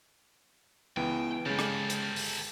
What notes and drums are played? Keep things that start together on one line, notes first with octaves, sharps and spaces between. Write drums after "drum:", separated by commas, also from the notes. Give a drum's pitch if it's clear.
C#2 E3 B3 G5
C#3 G#3 G4 A4
drum: rim click
drum: hi-hat
drum: open hi-hat